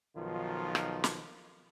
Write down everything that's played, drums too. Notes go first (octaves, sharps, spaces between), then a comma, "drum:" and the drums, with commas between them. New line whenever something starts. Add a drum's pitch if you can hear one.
B1 D#3 F3 F4
drum: rim click
drum: snare